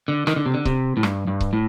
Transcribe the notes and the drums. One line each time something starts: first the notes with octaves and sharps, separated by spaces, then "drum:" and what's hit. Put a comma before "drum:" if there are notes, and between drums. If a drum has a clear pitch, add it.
D3
D#3, drum: rim click
D3
C3
D3
C3, drum: kick C#1
A2
G2, drum: rim click
G2
drum: kick C#1
A2